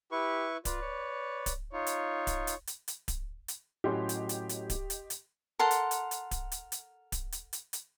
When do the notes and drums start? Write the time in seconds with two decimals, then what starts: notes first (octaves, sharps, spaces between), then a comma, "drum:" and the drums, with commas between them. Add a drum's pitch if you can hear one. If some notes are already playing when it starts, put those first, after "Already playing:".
0.12 E4 G4 B4 C#6
0.65 F4 B4 D5, drum: kick D1, hi-hat
0.82 C#5
1.46 drum: kick D1, hi-hat
1.73 D#4 F4 C#5
1.87 drum: hi-hat
2.27 drum: kick D1, hi-hat
2.47 drum: hi-hat
2.67 drum: hi-hat
2.88 drum: hi-hat
3.08 drum: kick D1, hi-hat
3.48 drum: hi-hat
3.84 A2 F#3 C#4 G4 D#5 C6
4.09 drum: hi-hat
4.29 drum: hi-hat
4.49 drum: hi-hat
4.70 drum: kick D1, hi-hat
4.90 drum: hi-hat
5.10 drum: hi-hat
5.59 A4 A#4 F#5 C6
5.71 drum: hi-hat
5.91 drum: hi-hat
6.11 drum: hi-hat
6.31 drum: kick D1, hi-hat
6.52 drum: hi-hat
6.72 drum: hi-hat
7.12 drum: kick D1, hi-hat
7.32 drum: hi-hat
7.53 drum: hi-hat
7.73 drum: hi-hat